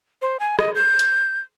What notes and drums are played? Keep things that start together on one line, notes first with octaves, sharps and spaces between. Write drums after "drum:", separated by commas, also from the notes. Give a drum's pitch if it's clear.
C5
G#5
D#5, drum: rim click
G6
drum: hi-hat